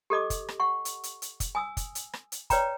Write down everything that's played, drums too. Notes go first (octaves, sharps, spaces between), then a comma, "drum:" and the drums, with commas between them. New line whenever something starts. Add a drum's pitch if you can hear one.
G4 A4 D#5 D6
drum: kick, hi-hat
drum: rim click
F#5 C#6
drum: hi-hat
drum: hi-hat
drum: hi-hat
drum: kick, hi-hat
G#5 D#6 E6
drum: kick, hi-hat
drum: hi-hat
drum: rim click
drum: hi-hat
B4 C#5 D5 G5 A#5, drum: kick, hi-hat